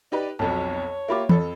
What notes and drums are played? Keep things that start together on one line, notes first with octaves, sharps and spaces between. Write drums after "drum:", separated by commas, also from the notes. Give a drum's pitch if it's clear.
D#4 G4 B4 D5
B1 F2 F#3 C#5 A5
A#3 F4 G4 E5 B5 D6
F2 A4 B5, drum: tom